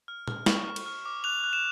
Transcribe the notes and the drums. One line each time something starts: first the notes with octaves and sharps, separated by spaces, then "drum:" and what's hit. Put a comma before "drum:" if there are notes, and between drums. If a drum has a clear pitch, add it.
F6
F6, drum: tom
C#6, drum: snare
F6
drum: cymbal
F6
D6
F#6 F7
F#6
E7